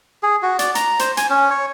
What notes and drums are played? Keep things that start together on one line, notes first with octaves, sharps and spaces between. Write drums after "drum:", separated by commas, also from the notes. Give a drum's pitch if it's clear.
G#4
F#4
D5, drum: hi-hat
A#5, drum: hi-hat
C5, drum: hi-hat
G#5, drum: hi-hat
C#4
C#5